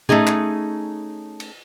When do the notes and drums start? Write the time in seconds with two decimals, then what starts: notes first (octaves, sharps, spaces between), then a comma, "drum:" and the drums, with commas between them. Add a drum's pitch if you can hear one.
0.09 A3 C#4 D#4 G#4, drum: tom A2
0.27 drum: clap
1.40 drum: cymbal